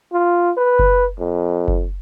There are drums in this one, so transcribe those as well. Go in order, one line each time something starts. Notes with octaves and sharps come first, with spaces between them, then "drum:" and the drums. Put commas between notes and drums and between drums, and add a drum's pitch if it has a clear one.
F4
B4
drum: kick F#1
F2
drum: kick F#1